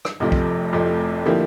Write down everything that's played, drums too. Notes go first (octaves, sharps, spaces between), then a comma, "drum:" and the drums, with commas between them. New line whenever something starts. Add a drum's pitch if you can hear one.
drum: rim click
F1 F2 C3 F3 A3
drum: kick
F1 F2 C3 F3 A3
D3 F3 A#3 E4 G4